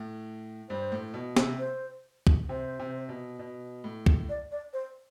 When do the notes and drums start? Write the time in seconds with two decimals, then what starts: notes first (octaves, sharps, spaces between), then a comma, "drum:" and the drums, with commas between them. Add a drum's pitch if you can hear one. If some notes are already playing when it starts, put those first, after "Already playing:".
Already playing: A2
0.69 G2 C5
0.92 A2
1.14 B2
1.37 C3, drum: snare
1.59 C5
2.27 drum: kick
2.49 C3 C5
2.79 C3
3.09 B2
3.39 B2
3.84 A2
4.06 drum: kick
4.29 D5
4.52 D5
4.73 C5